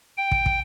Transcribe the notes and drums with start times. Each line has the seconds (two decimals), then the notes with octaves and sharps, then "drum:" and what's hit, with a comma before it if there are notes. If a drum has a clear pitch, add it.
0.17 G5
0.31 drum: kick
0.46 drum: kick